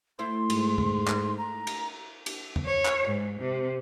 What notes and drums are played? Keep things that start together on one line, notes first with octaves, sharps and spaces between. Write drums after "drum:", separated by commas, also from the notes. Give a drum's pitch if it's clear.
A3 E4 C5 C6
G#2, drum: cymbal
drum: tom E2
drum: clap
A#5
drum: cymbal
drum: cymbal
drum: tom E2
C#5
drum: clap
G#2
C3